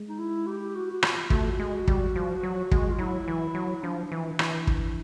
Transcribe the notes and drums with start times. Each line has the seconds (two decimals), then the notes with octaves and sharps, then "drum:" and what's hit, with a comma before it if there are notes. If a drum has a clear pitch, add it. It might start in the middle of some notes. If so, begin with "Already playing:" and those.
Already playing: G#3
0.09 D#4
0.19 E4
0.47 G4
0.75 F#4
0.91 F#4
1.03 F4, drum: rim click
1.30 A3 F#4, drum: kick
1.60 G#3
1.88 G3, drum: kick
2.16 F3
2.43 F#3
2.71 G#3, drum: kick
2.90 F4
2.99 F#3 E4
3.28 E3
3.55 F#3
3.83 F3 D4
4.12 E3
4.39 E3, drum: rim click
4.67 drum: kick